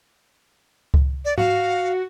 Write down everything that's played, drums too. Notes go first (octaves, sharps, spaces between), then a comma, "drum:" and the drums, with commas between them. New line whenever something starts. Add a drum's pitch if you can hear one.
drum: kick C#2
D5
F#4 F5, drum: tom G#2